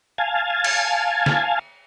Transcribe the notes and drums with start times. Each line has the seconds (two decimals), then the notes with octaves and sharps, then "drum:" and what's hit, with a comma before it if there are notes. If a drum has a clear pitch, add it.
0.18 F5 G#5 A5
0.64 drum: cymbal
1.26 drum: snare